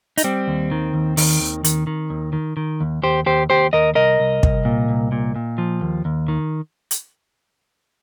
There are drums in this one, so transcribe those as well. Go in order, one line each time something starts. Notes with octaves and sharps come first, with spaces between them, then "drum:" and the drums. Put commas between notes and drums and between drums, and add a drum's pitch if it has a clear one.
D#4, drum: hi-hat
G3 C4
D#2
D#3
D#2
D#3, drum: open hi-hat
D#2
D#3, drum: hi-hat
D#3
D#2
D#3
D#3
D#2
D#2 G4 C5
D#2 G4 C5
D#2 G4 C5
D#2 A#4 D#5
C2 A#4 D#5
C2
C2, drum: kick
A#2
C2
A#2
A#2
F3
D#2
D#2
D#3
drum: hi-hat